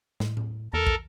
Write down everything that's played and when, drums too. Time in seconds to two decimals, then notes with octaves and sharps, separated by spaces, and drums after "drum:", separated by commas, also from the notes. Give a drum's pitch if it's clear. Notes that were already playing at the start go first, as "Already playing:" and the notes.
0.20 A2, drum: snare
0.37 drum: tom A2
0.73 E2 A4 A#4
0.87 drum: kick